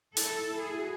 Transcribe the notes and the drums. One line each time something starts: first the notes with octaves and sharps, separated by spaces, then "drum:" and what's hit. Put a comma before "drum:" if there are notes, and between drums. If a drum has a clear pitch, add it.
E4 A4, drum: hi-hat
E4
G#4
F#4